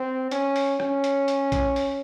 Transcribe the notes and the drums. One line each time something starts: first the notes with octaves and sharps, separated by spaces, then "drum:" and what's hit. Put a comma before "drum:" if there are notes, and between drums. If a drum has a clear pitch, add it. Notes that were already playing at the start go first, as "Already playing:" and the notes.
Already playing: C4
C#4, drum: hi-hat
drum: open hi-hat
C#4, drum: rim click
drum: hi-hat
drum: hi-hat
drum: kick A#1, hi-hat
drum: open hi-hat